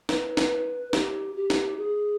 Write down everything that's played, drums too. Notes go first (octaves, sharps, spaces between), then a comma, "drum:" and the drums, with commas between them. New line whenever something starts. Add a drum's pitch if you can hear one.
B4, drum: snare
drum: snare
B4
G4, drum: snare
G4
drum: snare
G#4